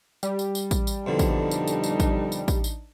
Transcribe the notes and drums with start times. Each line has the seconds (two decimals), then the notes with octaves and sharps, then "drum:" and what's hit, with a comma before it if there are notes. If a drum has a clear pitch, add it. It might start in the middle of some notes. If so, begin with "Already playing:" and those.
0.23 G3, drum: tambourine
0.39 drum: tambourine
0.55 drum: tambourine
0.71 drum: kick A1, tambourine
0.87 drum: tambourine
1.06 F2 B2 D3 D4 D#4
1.19 drum: kick A1, tambourine
1.51 drum: tambourine
1.68 drum: tambourine
1.84 drum: tambourine
2.00 drum: kick A1, tambourine
2.32 drum: tambourine
2.48 drum: kick A1, tambourine
2.64 drum: tambourine